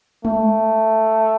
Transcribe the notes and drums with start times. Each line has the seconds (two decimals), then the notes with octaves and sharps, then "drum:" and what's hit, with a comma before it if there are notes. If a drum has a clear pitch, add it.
0.25 A3, drum: tom G#3